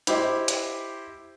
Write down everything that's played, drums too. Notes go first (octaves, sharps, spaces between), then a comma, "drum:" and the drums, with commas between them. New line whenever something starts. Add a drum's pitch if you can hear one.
E4 G4 C5 D#5, drum: hi-hat
drum: hi-hat